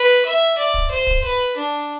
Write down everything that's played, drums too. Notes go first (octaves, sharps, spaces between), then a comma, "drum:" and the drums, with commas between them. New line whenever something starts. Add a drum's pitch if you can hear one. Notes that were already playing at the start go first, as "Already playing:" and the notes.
Already playing: B4
E5
D5
drum: kick
C5
drum: kick
B4
D4